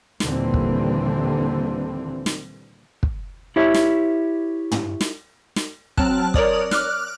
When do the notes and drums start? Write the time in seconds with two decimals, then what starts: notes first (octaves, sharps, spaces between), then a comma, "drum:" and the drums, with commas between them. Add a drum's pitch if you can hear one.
0.20 D#2 A#2 D3 E3 G3 C4, drum: snare
0.54 drum: kick
2.26 drum: snare
3.03 drum: kick
3.56 E4 G4 C#5 E5
3.74 drum: snare
4.72 drum: tom
5.01 drum: snare
5.56 drum: snare
5.97 F#3 C4 A5 F6 F#6, drum: kick
6.34 A#4 C#5 D5 D#6, drum: kick
6.71 D6 F6 F#6, drum: snare